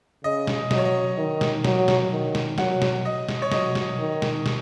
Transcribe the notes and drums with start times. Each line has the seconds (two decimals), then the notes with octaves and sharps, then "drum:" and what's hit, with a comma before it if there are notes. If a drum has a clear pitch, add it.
0.24 C#3 D#5
0.47 drum: snare
0.71 F#3 D#5, drum: snare
0.78 C#5
0.85 D#5
1.18 D#3
1.41 drum: snare
1.65 F#3, drum: snare
1.88 drum: snare
2.12 D#3
2.35 drum: snare
2.58 F#3 F#5, drum: snare
2.82 drum: snare
3.05 D#5
3.29 drum: snare
3.42 C#5
3.52 F#3 D#5, drum: snare
3.75 drum: snare
3.99 D#3
4.22 drum: snare
4.46 drum: snare